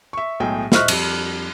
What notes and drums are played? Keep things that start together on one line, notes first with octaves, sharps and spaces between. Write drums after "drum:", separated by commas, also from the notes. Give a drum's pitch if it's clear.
E5 C#6
B1 A2 G#3 G#4 G5
C5 D#5 E5 C#6 F6 F#6, drum: snare
F2 G3, drum: cymbal